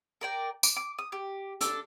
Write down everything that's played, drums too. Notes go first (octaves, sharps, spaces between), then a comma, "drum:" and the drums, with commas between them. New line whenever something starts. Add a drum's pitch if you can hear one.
A#4 D5 G5
D6, drum: tambourine
D6
D#6
G4
D4 A4, drum: hi-hat